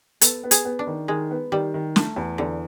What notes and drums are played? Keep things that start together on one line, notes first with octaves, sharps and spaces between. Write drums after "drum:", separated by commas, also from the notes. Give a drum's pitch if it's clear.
B3 A4, drum: hi-hat
B3
G#4, drum: hi-hat
B3
D4
D#3
D#3 G#3
B3
D#3 G3
D#3
A3, drum: snare
E2
E2 D3